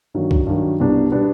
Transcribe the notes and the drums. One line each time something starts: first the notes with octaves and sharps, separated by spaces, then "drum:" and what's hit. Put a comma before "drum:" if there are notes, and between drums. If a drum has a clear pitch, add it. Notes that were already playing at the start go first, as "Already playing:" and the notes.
G2 D#3 F#3
drum: kick
G2 D#3 F#3
C2 B2 G3 B3 D4
B2 G3 B3 D4